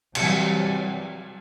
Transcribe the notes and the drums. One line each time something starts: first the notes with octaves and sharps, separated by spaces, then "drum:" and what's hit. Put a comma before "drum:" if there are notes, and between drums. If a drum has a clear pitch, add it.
C3 E3 F#3 G3, drum: cymbal